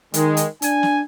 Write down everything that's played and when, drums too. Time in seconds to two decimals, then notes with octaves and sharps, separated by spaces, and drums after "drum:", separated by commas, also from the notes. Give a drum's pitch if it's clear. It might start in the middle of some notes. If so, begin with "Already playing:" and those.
0.14 D#3 G#3, drum: hi-hat
0.37 drum: hi-hat
0.62 D4 G#5, drum: hi-hat
0.83 drum: snare